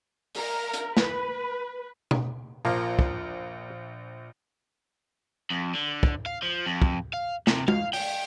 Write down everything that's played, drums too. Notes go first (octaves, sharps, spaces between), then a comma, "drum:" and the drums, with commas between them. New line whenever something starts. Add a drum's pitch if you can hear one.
A#4, drum: open hi-hat
drum: hi-hat
B4, drum: snare
drum: tom B2
A#1 F3 A#3 F5
drum: kick
F2
D3
drum: kick
F5
F3
F2
drum: kick
F5
C3, drum: snare
F5, drum: tom G#3
G5, drum: open hi-hat